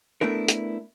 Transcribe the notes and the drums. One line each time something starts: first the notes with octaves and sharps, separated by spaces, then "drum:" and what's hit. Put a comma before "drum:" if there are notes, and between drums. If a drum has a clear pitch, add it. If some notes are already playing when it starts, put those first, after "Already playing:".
A3 B3 D4 E4 A#4
drum: hi-hat